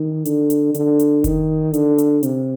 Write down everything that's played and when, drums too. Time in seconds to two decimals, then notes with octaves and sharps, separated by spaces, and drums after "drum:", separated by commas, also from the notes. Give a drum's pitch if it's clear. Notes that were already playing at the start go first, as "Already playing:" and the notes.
Already playing: D#3
0.25 D3, drum: hi-hat
0.50 drum: hi-hat
0.74 D3, drum: hi-hat
0.99 drum: hi-hat
1.24 D#3, drum: kick F1, hi-hat
1.74 D3, drum: hi-hat
1.98 drum: hi-hat
2.23 C3, drum: hi-hat